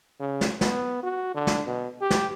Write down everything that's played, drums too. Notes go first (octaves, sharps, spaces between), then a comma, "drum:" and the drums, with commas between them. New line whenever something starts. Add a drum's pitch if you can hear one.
C#3
drum: snare
B3, drum: snare
F#4
D3
drum: snare
B2
G4
drum: snare